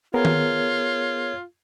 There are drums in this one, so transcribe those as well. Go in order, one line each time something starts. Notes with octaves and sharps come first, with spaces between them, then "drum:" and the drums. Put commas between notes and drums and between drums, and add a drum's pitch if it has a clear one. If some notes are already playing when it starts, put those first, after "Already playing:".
B3 F4 G#4 A#4 C#5
drum: tom D#3